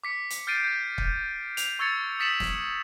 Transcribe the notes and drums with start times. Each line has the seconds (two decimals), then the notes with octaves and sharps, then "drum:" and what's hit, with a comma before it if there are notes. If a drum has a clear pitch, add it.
0.04 D6 B6 C#7
0.30 drum: hi-hat
0.47 F6 G6 A6 C7 D7 D#7
0.64 G6
0.98 drum: kick
1.57 F7, drum: hi-hat
1.79 C#6 E6 G#6 A6 C#7 F7
2.19 D#6 A6 B6 C#7 E7 F#7
2.40 drum: snare